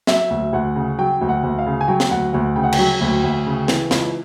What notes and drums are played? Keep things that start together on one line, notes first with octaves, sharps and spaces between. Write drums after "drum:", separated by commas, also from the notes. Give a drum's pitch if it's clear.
F#3 E5, drum: snare
D2
D2 F#5
C#3
F#3 G5
D2
F#5
D2
F5
C#3
G#5
F#3 G5
drum: snare
D2 F#5
D2 F#5
C#3 G5
F#5
G5, drum: cymbal
F#3
D2
D2
C#3
E3, drum: snare
C#2, drum: snare